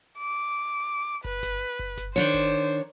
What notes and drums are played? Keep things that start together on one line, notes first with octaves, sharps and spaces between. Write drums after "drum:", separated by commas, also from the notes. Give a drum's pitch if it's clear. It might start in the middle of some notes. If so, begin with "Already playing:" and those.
D6
B4, drum: kick F#1
drum: snare G1
drum: kick F#1
drum: snare G1
D#3 D4 C5 C#5
drum: snare G1